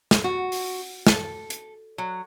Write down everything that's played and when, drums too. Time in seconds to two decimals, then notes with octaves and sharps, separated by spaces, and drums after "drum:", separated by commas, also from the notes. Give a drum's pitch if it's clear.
0.11 drum: snare
0.24 F#4
0.52 drum: open hi-hat
1.07 A4, drum: snare
1.50 drum: hi-hat
1.98 F#3